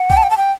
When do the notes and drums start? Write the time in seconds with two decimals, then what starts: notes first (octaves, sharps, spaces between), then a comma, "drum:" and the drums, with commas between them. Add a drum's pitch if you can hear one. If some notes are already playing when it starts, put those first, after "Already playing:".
Already playing: F#5
0.10 G5, drum: kick
0.17 A5
0.23 G5
0.30 A5
0.37 G5